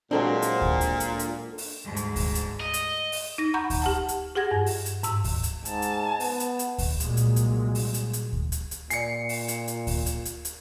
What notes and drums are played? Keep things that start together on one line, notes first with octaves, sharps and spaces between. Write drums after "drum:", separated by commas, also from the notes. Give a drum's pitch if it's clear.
A#2 F#3 G#3 C4 D4 A4
drum: hi-hat
drum: kick D2
drum: hi-hat
drum: hi-hat
drum: hi-hat
drum: open hi-hat
D2 G#2
drum: hi-hat
drum: kick D2, open hi-hat
drum: hi-hat
D#5
drum: hi-hat
drum: open hi-hat
D#4 A#6
F#5 A#5 B5 C#6 G6
drum: kick D2, open hi-hat
G4 F#5 A5
drum: hi-hat
G4 G#4 F#5 G#6 A#6
G2
drum: open hi-hat
drum: hi-hat
G#2 E6, drum: hi-hat
drum: kick D2, open hi-hat
drum: hi-hat
G#2 A5, drum: hi-hat
drum: hi-hat
B3, drum: open hi-hat
drum: hi-hat
drum: hi-hat
drum: kick D2, open hi-hat
C2 A#2 F#3 G#3, drum: hi-hat
drum: hi-hat
drum: hi-hat
drum: open hi-hat
drum: hi-hat
drum: hi-hat
drum: kick D2
drum: hi-hat
drum: hi-hat
A#2 D5 G#5 C7 C#7, drum: hi-hat
drum: open hi-hat
drum: hi-hat
drum: hi-hat
drum: kick D2, open hi-hat
drum: hi-hat
drum: hi-hat
drum: hi-hat